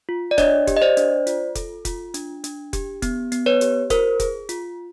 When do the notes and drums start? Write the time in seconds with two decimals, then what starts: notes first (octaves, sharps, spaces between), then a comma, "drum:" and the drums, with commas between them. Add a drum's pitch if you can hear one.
0.09 F4
0.31 D5
0.38 D4 C#5 D#5, drum: kick F1, hi-hat
0.67 G4, drum: kick F1, hi-hat
0.77 D#5
0.82 C5 D5
0.97 D4, drum: hi-hat
1.27 F4, drum: hi-hat
1.55 A4, drum: kick F1, hi-hat
1.85 F4, drum: kick F1, hi-hat
2.14 D4, drum: hi-hat
2.44 D4, drum: hi-hat
2.73 G4, drum: kick F1, hi-hat
3.02 B3, drum: kick F1, hi-hat
3.32 B3, drum: hi-hat
3.46 B4 C#5
3.61 G4, drum: hi-hat
3.90 F4 A#4 C5, drum: kick F1, hi-hat
4.20 G#4, drum: kick F1, hi-hat
4.49 F4, drum: hi-hat